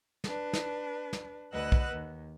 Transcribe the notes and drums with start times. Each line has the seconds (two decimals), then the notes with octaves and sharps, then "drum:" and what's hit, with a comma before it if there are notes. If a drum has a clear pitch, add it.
0.24 D4 B4, drum: snare
0.53 drum: snare
1.13 drum: snare
1.52 D2 B4 D#5 F#5 E6 F#6
1.72 drum: kick B1
1.91 D#2